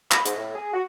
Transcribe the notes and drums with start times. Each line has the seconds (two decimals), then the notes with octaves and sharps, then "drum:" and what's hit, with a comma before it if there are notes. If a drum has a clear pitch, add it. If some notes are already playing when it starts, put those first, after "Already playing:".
0.11 B5, drum: clap
0.26 G#2, drum: hi-hat
0.37 A2
0.56 G#4
0.74 F#4